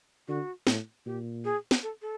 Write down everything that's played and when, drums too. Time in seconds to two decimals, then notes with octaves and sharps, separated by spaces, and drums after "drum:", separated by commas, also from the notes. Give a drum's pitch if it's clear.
0.28 D3 F#4
0.67 A2, drum: snare
1.06 A#2 G4
1.44 G#4
1.71 drum: snare
1.83 A4
2.02 A4